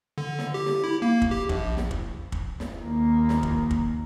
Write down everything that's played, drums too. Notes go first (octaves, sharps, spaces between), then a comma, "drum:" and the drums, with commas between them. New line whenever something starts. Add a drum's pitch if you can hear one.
D3
drum: snare
G4
drum: snare
E4
A#3
drum: kick
G4
A#1, drum: kick
drum: snare
drum: kick
drum: kick
drum: snare
D#2 A#3
drum: snare
drum: kick
drum: kick